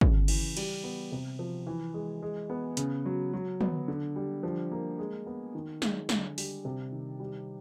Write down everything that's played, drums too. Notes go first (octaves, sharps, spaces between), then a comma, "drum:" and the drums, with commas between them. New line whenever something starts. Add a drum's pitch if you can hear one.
C#3, drum: kick
E3, drum: cymbal
G3, drum: cymbal
B3
C3
F3
E3
G#3
G#3
B3
C#3, drum: hi-hat
F#3
F#3
B3, drum: tom
D3
G3
F3
A#3
G#3
B3
D#3
G#3, drum: snare
D3, drum: snare
G3, drum: open hi-hat
C3
D#3
G3